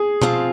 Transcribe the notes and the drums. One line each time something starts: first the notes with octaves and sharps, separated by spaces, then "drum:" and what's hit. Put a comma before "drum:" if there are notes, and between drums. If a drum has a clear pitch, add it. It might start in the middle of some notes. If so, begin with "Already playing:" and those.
Already playing: G#4
F3 C4 F4, drum: tom B2